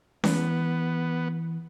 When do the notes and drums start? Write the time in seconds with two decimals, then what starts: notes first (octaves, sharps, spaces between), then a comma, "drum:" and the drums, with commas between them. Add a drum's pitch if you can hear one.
0.24 E3 B3, drum: snare C#4